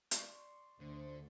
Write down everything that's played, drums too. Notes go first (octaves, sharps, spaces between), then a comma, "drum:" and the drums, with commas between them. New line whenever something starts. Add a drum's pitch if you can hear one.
D5 C6 C#6, drum: hi-hat
D2 D3 C5